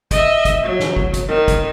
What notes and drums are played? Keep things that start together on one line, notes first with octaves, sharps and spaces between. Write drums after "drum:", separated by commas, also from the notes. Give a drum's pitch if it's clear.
D#5 E5, drum: kick, hi-hat
drum: kick, hi-hat
F#3
drum: snare
drum: kick
drum: kick, hi-hat
D#3
drum: kick, hi-hat